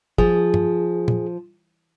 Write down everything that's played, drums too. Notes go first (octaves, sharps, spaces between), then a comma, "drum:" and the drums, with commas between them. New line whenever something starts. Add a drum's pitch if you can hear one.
F3 G#4, drum: kick
drum: tom G2
drum: tom A#2